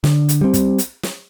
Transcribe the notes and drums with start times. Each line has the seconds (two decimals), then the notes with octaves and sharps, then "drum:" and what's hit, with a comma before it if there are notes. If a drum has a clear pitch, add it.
0.04 D3, drum: snare
0.29 drum: hi-hat
0.41 G3 C4
0.54 drum: kick, hi-hat
0.78 drum: hi-hat
1.03 drum: snare